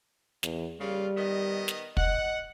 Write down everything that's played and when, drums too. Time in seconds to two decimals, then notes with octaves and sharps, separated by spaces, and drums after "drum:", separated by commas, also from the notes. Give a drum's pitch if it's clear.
0.43 E2, drum: snare
0.80 C#3 G3 A#3 F4
1.16 D#3 B3 D#5
1.68 drum: snare
1.97 D#5 F#5, drum: kick